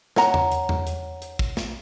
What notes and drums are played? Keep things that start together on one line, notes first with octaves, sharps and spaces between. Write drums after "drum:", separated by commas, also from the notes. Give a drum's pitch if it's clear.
C#5 F#5 A#5, drum: snare
drum: tom E2
drum: hi-hat
drum: tom E2
drum: hi-hat
drum: hi-hat
drum: kick
drum: snare